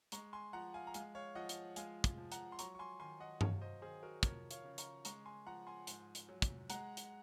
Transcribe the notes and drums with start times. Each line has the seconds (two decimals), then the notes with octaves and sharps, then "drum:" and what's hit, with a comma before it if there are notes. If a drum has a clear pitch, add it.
0.12 G#3 A#5 C#6, drum: hi-hat
0.33 G#5 C6
0.53 F3 F#5 A#5
0.74 F5 G#5
0.87 A#5
0.94 G#3 F5 G#5, drum: hi-hat
1.15 C#5 F5
1.35 F3 D#5 F#5
1.49 drum: hi-hat
1.76 G#3 F5 G#5, drum: hi-hat
2.04 drum: kick, hi-hat
2.18 F3
2.32 F#5 A#5, drum: hi-hat
2.52 C6
2.59 F#3 A#5 C#6, drum: hi-hat
2.75 C#6
2.79 G#5 C6
3.00 D#3 G#5 C6
3.20 D#5 F#5
3.41 F#3 C#5 F5, drum: tom G2
3.61 C5 D#5
3.82 D#3 G#4 C5
4.03 F#4 A#4
4.23 F3 A#4 C#5, drum: kick, hi-hat
4.51 C#5 F5, drum: hi-hat
4.64 C#3
4.78 A#5 C#6, drum: hi-hat
5.05 G#3 A#5 C#6, drum: hi-hat
5.26 G#5 C6
5.46 F3 F#5 A#5
5.67 G#5 C6
5.87 G#2, drum: hi-hat
6.15 drum: hi-hat
6.29 F#3
6.42 drum: kick, hi-hat
6.70 G#3 F#5 A#5, drum: hi-hat
6.97 drum: hi-hat